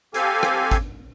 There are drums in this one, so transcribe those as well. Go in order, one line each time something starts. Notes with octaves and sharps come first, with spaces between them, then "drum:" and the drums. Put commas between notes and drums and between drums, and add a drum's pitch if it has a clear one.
C4 G4 A4 F5 G#5, drum: hi-hat
drum: rim click
drum: kick G#1, hi-hat